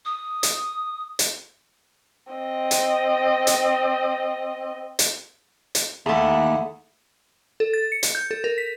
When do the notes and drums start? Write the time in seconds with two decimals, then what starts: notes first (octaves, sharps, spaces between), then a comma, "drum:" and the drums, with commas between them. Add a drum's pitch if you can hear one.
0.05 D#6
0.43 drum: hi-hat
1.19 drum: hi-hat
2.33 C4 D#5
2.71 drum: hi-hat
3.47 drum: hi-hat
4.99 drum: hi-hat
5.75 drum: hi-hat
6.06 D#2 A3 E4 G#4 F#5
7.60 A4
7.73 A6
7.92 C#7
8.03 drum: hi-hat
8.15 G6
8.31 A4
8.44 A#4
8.58 B6